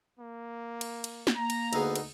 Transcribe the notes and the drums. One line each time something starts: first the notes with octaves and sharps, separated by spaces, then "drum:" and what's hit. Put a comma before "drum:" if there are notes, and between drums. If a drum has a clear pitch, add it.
A#3
drum: cymbal
drum: cymbal
drum: snare
A#3 A#5
drum: cymbal
D2 B3 D#4 G#4, drum: cymbal
drum: cymbal